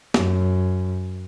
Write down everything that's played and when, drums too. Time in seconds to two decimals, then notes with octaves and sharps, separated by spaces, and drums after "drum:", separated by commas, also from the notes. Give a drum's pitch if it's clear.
0.14 F#2, drum: snare